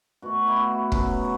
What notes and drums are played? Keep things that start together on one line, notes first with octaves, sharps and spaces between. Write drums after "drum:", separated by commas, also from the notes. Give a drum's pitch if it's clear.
B2 A3 F#4
E4
F#4
C#3 F#3 B3, drum: kick